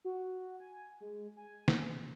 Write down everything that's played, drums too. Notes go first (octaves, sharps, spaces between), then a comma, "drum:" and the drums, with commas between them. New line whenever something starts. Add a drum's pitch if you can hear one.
F#4
G#5
G#3
G#5
drum: snare